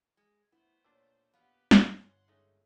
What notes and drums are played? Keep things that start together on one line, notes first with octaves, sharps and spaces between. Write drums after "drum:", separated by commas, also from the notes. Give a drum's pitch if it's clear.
G#3
A3 B3 E4 C5
A#2 D4 C#5 E6
B3 G4 B4 F5
drum: snare
G1 C2 B3 C#5 F#5 G#5 C6
G#3 A3 C#4 D#4